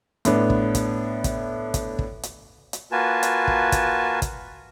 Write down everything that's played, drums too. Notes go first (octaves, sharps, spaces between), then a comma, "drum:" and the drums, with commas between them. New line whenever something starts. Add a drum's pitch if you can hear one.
A2 B3 D4, drum: hi-hat
drum: kick
drum: kick, hi-hat
drum: kick, hi-hat
drum: kick, hi-hat
drum: kick
drum: hi-hat
drum: hi-hat
A#3 F4 F#4 B4 G#5 A5
drum: hi-hat
drum: kick
drum: kick, hi-hat
drum: kick, hi-hat